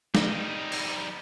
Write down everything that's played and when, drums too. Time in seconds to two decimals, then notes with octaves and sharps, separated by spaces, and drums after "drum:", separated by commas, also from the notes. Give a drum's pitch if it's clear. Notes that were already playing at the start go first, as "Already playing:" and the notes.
0.15 G3 D#4, drum: snare
0.72 drum: cymbal